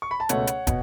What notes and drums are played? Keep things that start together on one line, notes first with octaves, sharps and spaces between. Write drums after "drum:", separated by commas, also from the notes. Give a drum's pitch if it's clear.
C#6
B5
A5
C#2 B2 A3 C#5 F#5, drum: hi-hat
drum: hi-hat
B2, drum: kick, hi-hat